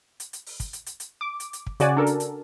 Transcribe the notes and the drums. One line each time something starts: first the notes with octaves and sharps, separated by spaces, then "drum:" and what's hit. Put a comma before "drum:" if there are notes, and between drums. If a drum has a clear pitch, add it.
drum: hi-hat
drum: hi-hat
drum: open hi-hat
drum: kick, hi-hat
drum: hi-hat
drum: hi-hat
drum: hi-hat
D6
drum: hi-hat
drum: hi-hat
drum: kick
C#3 F#4 D5 G#5, drum: hi-hat
D4 A4 A#4
drum: hi-hat
drum: hi-hat